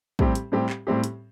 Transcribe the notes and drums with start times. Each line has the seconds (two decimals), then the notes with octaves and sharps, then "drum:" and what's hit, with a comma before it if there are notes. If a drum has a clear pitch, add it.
0.19 A2 G3 C4 G4, drum: kick
0.35 drum: hi-hat
0.52 A2 G3 C4 G4
0.69 drum: clap
0.87 A2 G3 C4 G4
1.04 drum: hi-hat